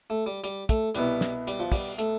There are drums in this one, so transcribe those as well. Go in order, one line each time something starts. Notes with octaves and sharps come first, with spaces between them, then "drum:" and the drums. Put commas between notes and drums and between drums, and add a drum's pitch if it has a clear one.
A3
G3
G3, drum: hi-hat
A3, drum: kick, hi-hat
C2 B2 G3 B3 E4, drum: hi-hat
drum: snare
G3, drum: hi-hat
F3
G3, drum: kick, open hi-hat
A3, drum: hi-hat